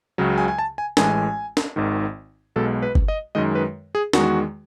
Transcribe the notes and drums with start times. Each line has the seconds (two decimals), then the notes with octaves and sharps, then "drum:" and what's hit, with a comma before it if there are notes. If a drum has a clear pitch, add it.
0.18 C#2 C#3 F#3
0.38 G#5
0.48 G#5
0.59 A5
0.78 G#5
0.97 A1 A2 E3 G#3 G#5, drum: snare
1.57 drum: snare
1.76 G#1 G#2 D#3
2.56 B1 B2 G#3 A4
2.82 B4
2.95 drum: kick G1
3.08 D#5
3.35 F#2 D#3 G#3 D#5
3.55 B4
3.95 G#4
4.13 E2 D#3 G#3 F#4, drum: snare